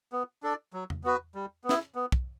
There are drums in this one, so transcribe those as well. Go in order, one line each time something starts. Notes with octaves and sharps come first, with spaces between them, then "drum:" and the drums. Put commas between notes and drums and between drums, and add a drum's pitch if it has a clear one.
B3
D4 A4 D5
F#3
drum: tom E2
B3 F#4 B4
G3
B3
E4, drum: snare
B3
drum: kick